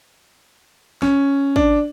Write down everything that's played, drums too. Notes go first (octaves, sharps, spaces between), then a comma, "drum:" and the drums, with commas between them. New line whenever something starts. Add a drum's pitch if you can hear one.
C#4, drum: snare
D4, drum: kick